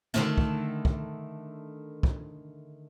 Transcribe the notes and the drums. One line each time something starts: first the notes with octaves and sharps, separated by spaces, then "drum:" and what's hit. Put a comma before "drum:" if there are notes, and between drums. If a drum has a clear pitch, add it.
D3 D#3 A3, drum: snare
drum: kick
drum: kick
drum: kick